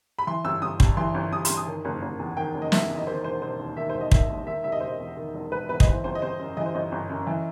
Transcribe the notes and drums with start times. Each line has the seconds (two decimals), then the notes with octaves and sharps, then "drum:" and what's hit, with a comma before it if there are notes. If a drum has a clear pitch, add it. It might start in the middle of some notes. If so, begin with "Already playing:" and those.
0.19 B5
0.27 E3 C6
0.44 G1 E6
0.62 G1 D#6
0.80 G2, drum: kick
0.97 E3 C6
1.14 G1
1.32 G1 D#6
1.45 G2 C6, drum: hi-hat
1.57 D#6
1.67 D#3
1.85 F#1
2.02 F#1
2.20 E2
2.37 D#3 G5
2.55 F#1
2.62 D#5
2.72 F#1 E5, drum: snare
2.89 E2
2.97 D#5
3.07 D#3 C5
3.24 E1 C5
3.42 E1 C5
3.59 D#2
3.77 D#3 E5
3.90 E1 C5
4.01 D#5
4.12 E1 E5, drum: kick
4.29 D#2
4.47 D#3 E5
4.64 E1 E5
4.72 D#5
4.80 E1 C5
4.88 D#5
4.99 E2
5.17 D#3
5.34 E1
5.52 E1 B4
5.69 E2 B4
5.80 D#5, drum: kick
5.87 E3 C5
6.04 G1 C5
6.15 D#5
6.22 G1 C5
6.39 F#2
6.57 E3 D#5
6.66 C5
6.74 G1 D#5
6.92 G1
7.09 F#2
7.27 E3